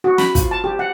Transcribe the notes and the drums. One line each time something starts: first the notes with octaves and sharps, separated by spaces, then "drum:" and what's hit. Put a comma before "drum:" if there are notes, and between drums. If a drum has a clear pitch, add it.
F#4
B5, drum: snare
F4, drum: kick, hi-hat
A5
G4
F#5